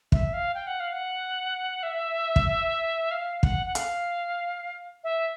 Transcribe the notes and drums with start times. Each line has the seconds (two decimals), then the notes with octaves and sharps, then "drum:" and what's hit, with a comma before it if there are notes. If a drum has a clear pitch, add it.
0.12 E5, drum: kick
0.33 F5
0.54 G5
0.67 F#5
0.80 F5
0.92 F#5
1.83 E5
2.36 drum: kick
3.11 F5
3.43 F#5, drum: kick
3.67 F#5
3.75 F5, drum: hi-hat
5.04 E5